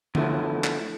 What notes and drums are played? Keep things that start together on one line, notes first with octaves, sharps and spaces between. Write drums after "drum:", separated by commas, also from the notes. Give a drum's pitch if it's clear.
D3 E3 F3 A3 B3 E4, drum: tom D3
drum: clap